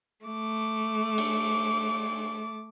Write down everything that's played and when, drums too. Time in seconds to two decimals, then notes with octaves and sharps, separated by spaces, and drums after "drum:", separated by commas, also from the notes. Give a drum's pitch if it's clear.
0.26 A3 D6
1.18 drum: cymbal